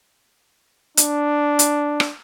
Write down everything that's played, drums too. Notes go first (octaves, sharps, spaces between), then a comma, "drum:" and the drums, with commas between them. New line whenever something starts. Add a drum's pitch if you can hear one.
D4, drum: hi-hat
drum: hi-hat
drum: rim click